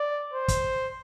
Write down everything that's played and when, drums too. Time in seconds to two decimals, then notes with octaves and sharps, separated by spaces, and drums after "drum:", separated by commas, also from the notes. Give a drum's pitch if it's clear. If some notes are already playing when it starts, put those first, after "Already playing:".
Already playing: D5
0.34 C5
0.48 drum: kick, hi-hat